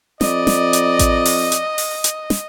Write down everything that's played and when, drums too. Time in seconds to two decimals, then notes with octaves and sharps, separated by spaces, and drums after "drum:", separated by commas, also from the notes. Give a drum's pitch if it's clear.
0.21 F2 D5 D#5, drum: snare
0.47 drum: snare
0.73 drum: hi-hat
0.99 drum: kick A1, hi-hat
1.25 drum: open hi-hat
1.52 drum: hi-hat
1.78 drum: open hi-hat
2.04 drum: hi-hat
2.30 drum: snare